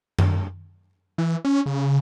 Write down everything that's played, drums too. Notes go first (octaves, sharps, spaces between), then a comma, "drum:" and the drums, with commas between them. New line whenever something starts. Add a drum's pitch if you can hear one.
drum: tom F#2
E3
C#4
C#3